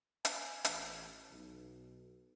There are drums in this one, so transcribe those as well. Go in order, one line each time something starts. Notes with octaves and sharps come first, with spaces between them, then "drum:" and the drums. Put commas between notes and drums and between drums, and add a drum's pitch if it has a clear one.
G#5, drum: hi-hat
A1, drum: hi-hat
B1